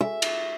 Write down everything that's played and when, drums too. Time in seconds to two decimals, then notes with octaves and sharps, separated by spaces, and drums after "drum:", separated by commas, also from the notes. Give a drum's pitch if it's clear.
0.01 E5
0.22 drum: cymbal